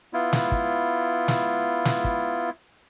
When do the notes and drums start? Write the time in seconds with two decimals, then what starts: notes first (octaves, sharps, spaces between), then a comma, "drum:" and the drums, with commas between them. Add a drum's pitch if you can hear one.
0.14 B3 E4 F4
0.33 drum: snare
0.52 drum: kick
1.28 drum: snare
1.85 drum: snare
2.04 drum: kick